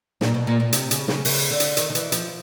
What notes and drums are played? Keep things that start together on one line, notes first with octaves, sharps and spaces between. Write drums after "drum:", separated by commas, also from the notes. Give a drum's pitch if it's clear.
A#2, drum: snare
B2
A#2
A#2
C3, drum: hi-hat
C#3, drum: hi-hat
C#3, drum: snare
C#3, drum: open hi-hat
D3
drum: hi-hat
D#3, drum: hi-hat
D#3
E3, drum: hi-hat
F3, drum: hi-hat